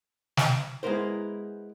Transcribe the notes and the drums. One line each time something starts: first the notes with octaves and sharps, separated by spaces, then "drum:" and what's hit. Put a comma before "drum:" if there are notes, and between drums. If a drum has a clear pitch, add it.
drum: snare
G#3 B3 E4 A#4 C5